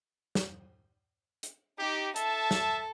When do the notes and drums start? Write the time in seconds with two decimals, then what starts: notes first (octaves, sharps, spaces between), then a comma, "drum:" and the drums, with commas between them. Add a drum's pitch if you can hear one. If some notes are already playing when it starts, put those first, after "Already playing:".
0.35 drum: snare
1.43 drum: hi-hat
1.79 D#4 G4
2.16 A4 E5 A5, drum: hi-hat
2.51 drum: snare